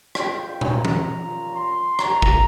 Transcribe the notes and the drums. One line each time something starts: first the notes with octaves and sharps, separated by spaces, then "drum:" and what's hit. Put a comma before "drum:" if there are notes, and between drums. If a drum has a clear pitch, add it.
G#3 C4 F4 G5, drum: rim click
A#5, drum: tom A#2
drum: tom E3
G3 A#3 C#4 F4
C6
A#3 F4 A#5, drum: rim click
drum: kick